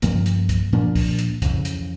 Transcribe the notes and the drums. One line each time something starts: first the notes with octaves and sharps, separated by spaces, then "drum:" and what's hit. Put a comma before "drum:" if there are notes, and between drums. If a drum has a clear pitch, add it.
G2 F3 A#3 C#4, drum: hi-hat
drum: hi-hat
drum: kick, hi-hat
A#2 F3 A#3 D4
drum: kick, open hi-hat
drum: hi-hat
F2 C#3 E3, drum: kick, hi-hat
drum: hi-hat